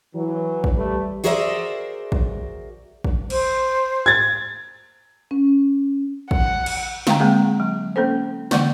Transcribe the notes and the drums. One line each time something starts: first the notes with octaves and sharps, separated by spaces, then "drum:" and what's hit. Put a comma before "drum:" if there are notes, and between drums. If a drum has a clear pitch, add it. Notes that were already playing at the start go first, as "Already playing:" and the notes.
E3 F#3
drum: kick
G3 A3 B4 D5
F#4 G#4 A#4 C5 D5 E5
drum: kick
drum: kick
C5, drum: cymbal
G#6 A6
C#4
F#5, drum: kick
drum: cymbal
D3 F5 G5 A#5, drum: snare
G#3 A#3 C4 G#4 F#5
F#3
A#3 C#4 A4 C5
D3 E3 A#3 D5 F#5, drum: snare